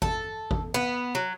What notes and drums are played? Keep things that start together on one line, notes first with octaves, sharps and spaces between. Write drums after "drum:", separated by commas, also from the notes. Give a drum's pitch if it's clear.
A4, drum: kick G#1
drum: kick G#1
B3
F#3